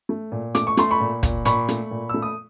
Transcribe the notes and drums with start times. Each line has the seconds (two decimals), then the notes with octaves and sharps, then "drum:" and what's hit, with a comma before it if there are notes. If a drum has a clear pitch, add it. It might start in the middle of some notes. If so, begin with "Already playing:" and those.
0.09 A3
0.32 A#2
0.55 A3 D6, drum: hi-hat
0.67 C#6
0.77 A3 C6, drum: hi-hat
0.91 B5 C#6
1.00 A#2
1.23 A#2, drum: kick, hi-hat
1.45 A#2 B5 C#6, drum: hi-hat
1.69 A3, drum: hi-hat
1.91 A#2
2.09 A3 E6
2.22 D#6